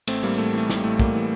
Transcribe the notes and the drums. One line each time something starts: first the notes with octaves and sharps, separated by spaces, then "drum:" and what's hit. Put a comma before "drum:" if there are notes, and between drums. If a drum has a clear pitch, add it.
A1 A3 C4, drum: cymbal
A2 G3 A#3
A1 A3
E3 A3
A1 G3, drum: snare
A2 A3
A1 G3 A#3, drum: kick
E3